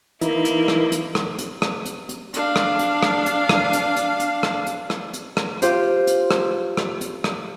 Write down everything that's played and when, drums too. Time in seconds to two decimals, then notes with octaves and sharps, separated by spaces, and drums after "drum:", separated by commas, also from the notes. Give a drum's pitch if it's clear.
0.21 E3 A#3 D#4 E4, drum: hi-hat
0.45 drum: hi-hat
0.68 drum: rim click
0.92 drum: hi-hat
1.15 drum: rim click
1.39 drum: hi-hat
1.62 drum: rim click
1.85 drum: hi-hat
2.09 drum: hi-hat
2.34 D4 F5, drum: hi-hat
2.56 drum: rim click
2.79 drum: hi-hat
3.03 drum: rim click
3.26 drum: hi-hat
3.49 drum: rim click
3.73 drum: hi-hat
3.96 drum: hi-hat
4.20 drum: hi-hat
4.43 drum: rim click
4.67 drum: hi-hat
4.90 drum: rim click
5.13 drum: hi-hat
5.37 drum: rim click
5.62 F4 G4 C5, drum: hi-hat
6.07 drum: hi-hat
6.31 drum: rim click
6.77 drum: rim click
7.01 drum: hi-hat
7.24 drum: rim click